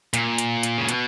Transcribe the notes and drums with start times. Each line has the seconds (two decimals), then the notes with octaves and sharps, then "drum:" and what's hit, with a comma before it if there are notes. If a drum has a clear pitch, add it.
0.14 A#2, drum: hi-hat
0.38 drum: hi-hat
0.63 drum: hi-hat
0.78 C#3
0.89 B2, drum: hi-hat